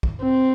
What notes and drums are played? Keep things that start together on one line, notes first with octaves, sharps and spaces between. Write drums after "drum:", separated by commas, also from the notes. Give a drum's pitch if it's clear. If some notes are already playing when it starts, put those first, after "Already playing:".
drum: kick
C4